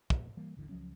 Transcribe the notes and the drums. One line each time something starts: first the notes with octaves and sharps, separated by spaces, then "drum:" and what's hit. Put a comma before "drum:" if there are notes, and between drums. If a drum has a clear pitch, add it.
A#1 F2 A#2, drum: kick
E3 G3 A#3
D#1 A1 D3 E3
C#2 F3 F#3 C#4